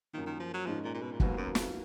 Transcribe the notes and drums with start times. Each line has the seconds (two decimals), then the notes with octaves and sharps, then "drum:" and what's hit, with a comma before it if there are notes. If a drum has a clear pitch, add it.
0.13 F#2 D#3 F3 A#3
0.26 D#3
0.40 F3
0.54 F#3
0.66 G#2 D#3 F3 G#3 C#4
0.84 A#2
0.94 A#2
1.02 B2
1.12 A#2
1.20 D#2 G#2 D#3 F#3 B3 F#4, drum: kick
1.37 F#2
1.55 F2, drum: snare